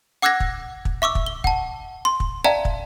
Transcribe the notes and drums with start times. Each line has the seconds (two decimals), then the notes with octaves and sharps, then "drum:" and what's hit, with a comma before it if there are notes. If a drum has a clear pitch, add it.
0.22 F#5 D6 E6 F#6 G#6 A#6
0.40 drum: kick
0.85 drum: kick
1.02 E5 C#6 D6 E6
1.15 drum: kick
1.26 G7
1.44 F#5 A5, drum: kick
2.05 C6
2.20 drum: kick
2.44 D5 E5 F5 G5 A5 A#5
2.65 drum: kick